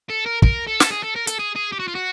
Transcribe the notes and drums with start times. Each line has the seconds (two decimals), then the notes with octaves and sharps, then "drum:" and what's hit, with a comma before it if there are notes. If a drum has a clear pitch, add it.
0.10 A4
0.26 A#4
0.42 A#4, drum: kick
0.67 A4
0.80 drum: snare
0.91 G#4
1.03 A4
1.15 A#4
1.27 A4, drum: hi-hat
1.39 G#4
1.56 G#4
1.72 G4
1.80 F#4
1.88 F4
1.95 F#4